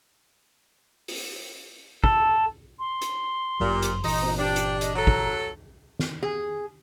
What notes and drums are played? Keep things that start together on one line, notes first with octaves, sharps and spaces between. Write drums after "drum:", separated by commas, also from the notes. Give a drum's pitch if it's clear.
drum: open hi-hat
A4, drum: kick
C6
drum: hi-hat
G1 F#2 A#2 F#3 G4
drum: hi-hat
G1 A#2 E3 D#4 A#5, drum: open hi-hat
drum: cymbal
D4 G4 G5
drum: hi-hat
D#5, drum: hi-hat
F#3 A4 A#5 F#6
drum: kick
drum: snare
G#4